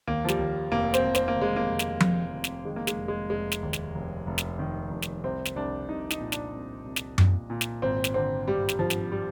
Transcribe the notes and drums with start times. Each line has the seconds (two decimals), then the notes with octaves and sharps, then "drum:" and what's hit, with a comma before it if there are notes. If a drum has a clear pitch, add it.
0.07 D#2 A#3
0.25 F3
0.28 G3, drum: snare
0.39 D#2
0.71 F1 A#3
0.94 C4, drum: snare
1.04 F1
1.15 C4, drum: snare
1.28 A#3
1.36 F1
1.42 G#3
1.56 A#3
1.69 F1
1.79 drum: snare
2.00 F1, drum: tom F3
2.33 F1
2.44 drum: snare
2.65 D#3 G#3
2.76 A#3
2.87 G#3, drum: snare
2.98 F1
3.08 G#3
3.30 F1 G#3
3.52 drum: snare
3.63 D#2
3.73 drum: snare
3.95 F1
4.27 F1
4.38 drum: snare
4.59 D#3
4.91 F1
5.02 drum: snare
5.24 C2 C4
5.45 drum: snare
5.56 C2 D4
5.88 C2 D#4
6.10 D#4, drum: snare
6.20 A#2
6.32 D4, drum: snare
6.53 C2
6.86 C2
6.96 drum: snare
7.18 A#2, drum: tom F#2
7.50 A#2
7.61 drum: snare
7.82 G#1 C4
8.04 drum: snare
8.14 D3 C4
8.47 G2 G3
8.69 drum: snare
8.79 G#1 F3
8.90 drum: snare
9.12 G3